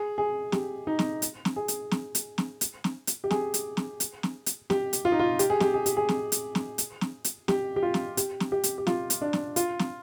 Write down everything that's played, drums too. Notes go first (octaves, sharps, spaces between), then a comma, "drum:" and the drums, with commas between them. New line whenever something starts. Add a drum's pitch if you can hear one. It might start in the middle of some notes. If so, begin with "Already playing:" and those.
Already playing: G#4
G#4
G4, drum: snare
D#4
drum: snare
drum: hi-hat
drum: snare
G#4
drum: hi-hat
drum: snare
drum: hi-hat
drum: snare
drum: hi-hat
drum: snare
drum: hi-hat
G4
G#4, drum: snare
drum: hi-hat
drum: snare
drum: hi-hat
drum: snare
drum: hi-hat
G4, drum: snare
drum: hi-hat
F4
D#4
F4
G4, drum: hi-hat
G#4
G4, drum: snare
G#4
G4, drum: hi-hat
G#4
drum: snare
drum: hi-hat
drum: snare
drum: hi-hat
drum: snare
drum: hi-hat
G4, drum: snare
G4
F4
drum: snare
G4, drum: hi-hat
drum: snare
G4
drum: hi-hat
G4
F4, drum: snare
drum: hi-hat
D4
drum: snare
F4, drum: hi-hat
drum: snare